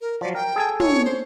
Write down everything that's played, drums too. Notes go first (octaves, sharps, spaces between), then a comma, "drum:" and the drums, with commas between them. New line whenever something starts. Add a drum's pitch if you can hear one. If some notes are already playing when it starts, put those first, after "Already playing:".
A#4
F3 F#3 D5
A#4 G5
G#4 A4 G#5
C#5, drum: tom
C5